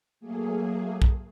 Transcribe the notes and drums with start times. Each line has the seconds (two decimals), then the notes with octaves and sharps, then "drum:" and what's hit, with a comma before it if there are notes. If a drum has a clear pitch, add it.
0.20 F#3 A3 A#3 G#4
1.02 drum: kick